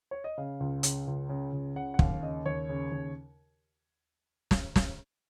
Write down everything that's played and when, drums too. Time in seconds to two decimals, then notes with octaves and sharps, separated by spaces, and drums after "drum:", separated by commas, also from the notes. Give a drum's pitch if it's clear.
0.11 C#5
0.24 D#5
0.38 C#3 F5
0.60 C#2
0.83 C#3, drum: hi-hat
1.07 C#2
1.29 C#3
1.53 C#2
1.76 C#3 F#5
1.94 F#5
1.99 D#2 F5, drum: kick
2.22 C#3 D#5
2.46 D#2 C#5
2.69 C#3
2.92 D#2
4.51 drum: snare
4.76 drum: snare